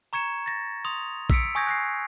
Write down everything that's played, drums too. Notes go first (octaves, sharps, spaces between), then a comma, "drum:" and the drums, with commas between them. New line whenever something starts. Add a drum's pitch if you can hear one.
A#5 C#6 G#6 C#7 E7
A6 A#6
C6 D#6 F7
E6 B6 C#7 D7, drum: kick
G#5 C#6 D#6 G6 G#6 A#6
F#6 A#6 C7